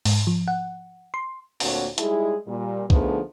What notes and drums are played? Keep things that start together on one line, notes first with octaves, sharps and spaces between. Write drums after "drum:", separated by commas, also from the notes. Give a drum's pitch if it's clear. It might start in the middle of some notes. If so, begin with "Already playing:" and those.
G#2, drum: open hi-hat
F3
F#5
C6
D2 A#2 A#3 C4 F#4 C#5, drum: open hi-hat
G3 G#3 D#4 E4 G#4, drum: hi-hat
A#2 G3
D3 F3 A3 B3 D#4 G#4, drum: kick C2